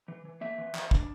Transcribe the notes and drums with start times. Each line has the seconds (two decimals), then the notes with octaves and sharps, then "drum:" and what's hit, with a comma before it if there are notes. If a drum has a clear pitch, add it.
0.08 E3
0.25 E3
0.41 A#3 E5
0.58 E3
0.75 E3, drum: clap
0.91 D4, drum: kick